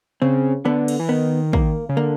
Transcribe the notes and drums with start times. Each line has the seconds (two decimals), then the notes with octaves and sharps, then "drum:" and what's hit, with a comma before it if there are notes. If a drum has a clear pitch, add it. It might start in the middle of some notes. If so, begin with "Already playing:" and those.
0.22 C#3 C4
0.65 D3 B3
0.88 drum: cymbal
0.99 E3
1.09 D#3 B3
1.53 A#3, drum: kick
1.89 C#3
1.97 D3 A#3